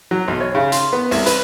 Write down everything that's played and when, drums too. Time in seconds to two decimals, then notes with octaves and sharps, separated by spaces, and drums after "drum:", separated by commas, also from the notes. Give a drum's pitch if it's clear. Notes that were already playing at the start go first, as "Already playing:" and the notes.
0.11 F#3
0.28 B1
0.40 C#5
0.55 C#3
0.72 C6, drum: hi-hat
0.93 B3
1.11 C2, drum: open hi-hat
1.26 B4, drum: hi-hat